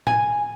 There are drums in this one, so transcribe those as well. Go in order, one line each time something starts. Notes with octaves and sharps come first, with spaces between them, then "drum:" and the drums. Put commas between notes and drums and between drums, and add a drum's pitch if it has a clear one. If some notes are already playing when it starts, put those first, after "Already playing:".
G#5, drum: tom A2